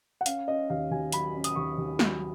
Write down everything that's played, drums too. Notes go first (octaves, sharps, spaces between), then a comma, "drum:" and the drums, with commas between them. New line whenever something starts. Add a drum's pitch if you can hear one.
F#5
C#4 F5, drum: hi-hat
C#4 D#5
D#2 F5
D#2 G#5
F#3 B5, drum: hi-hat
C#4
D#6, drum: hi-hat
D#2 C#6
D#2
F#3, drum: snare